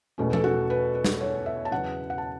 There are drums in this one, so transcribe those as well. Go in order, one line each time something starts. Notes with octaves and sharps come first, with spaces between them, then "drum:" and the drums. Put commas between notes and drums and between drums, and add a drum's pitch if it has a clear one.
E2 B2 A3 C#4
A4, drum: tom F3
F#4
B4
B4
drum: snare
C#5
E5
A5
E2 C#3 F#3 F#5
F#5
A5